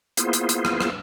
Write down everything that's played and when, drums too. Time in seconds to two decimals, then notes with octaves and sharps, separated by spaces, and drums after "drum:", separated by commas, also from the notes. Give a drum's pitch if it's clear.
0.17 A#3 B3 E4 F4 G#4 C5, drum: hi-hat
0.33 drum: hi-hat
0.49 drum: hi-hat
0.65 drum: rim click
0.81 drum: rim click